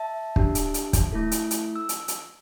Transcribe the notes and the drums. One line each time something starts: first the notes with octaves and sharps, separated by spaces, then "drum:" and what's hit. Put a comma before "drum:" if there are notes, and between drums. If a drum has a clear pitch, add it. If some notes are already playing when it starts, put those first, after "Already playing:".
Already playing: E5 A5
D4 G4, drum: kick
drum: hi-hat
drum: hi-hat
drum: kick, hi-hat
A3 E4 A4
drum: hi-hat
drum: hi-hat
E6
drum: hi-hat
drum: hi-hat